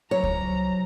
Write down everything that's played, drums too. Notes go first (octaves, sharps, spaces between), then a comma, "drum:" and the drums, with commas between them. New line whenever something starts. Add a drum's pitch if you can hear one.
C2 F#3 C#5 A#5
drum: kick C#2